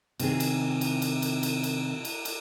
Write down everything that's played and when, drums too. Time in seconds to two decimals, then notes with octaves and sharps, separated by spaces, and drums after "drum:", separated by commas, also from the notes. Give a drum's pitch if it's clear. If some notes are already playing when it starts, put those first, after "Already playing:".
0.20 C3 D#3 G#4, drum: cymbal
0.40 drum: cymbal
0.81 drum: cymbal
1.02 drum: cymbal
1.22 drum: cymbal
1.43 drum: cymbal
1.64 drum: cymbal
2.05 drum: cymbal
2.25 drum: cymbal